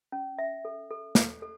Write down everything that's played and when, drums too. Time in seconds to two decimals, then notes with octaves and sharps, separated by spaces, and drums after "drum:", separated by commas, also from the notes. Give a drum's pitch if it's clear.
0.12 C#4
0.38 E5
0.65 A4
0.90 A4
1.15 A4, drum: snare
1.42 A4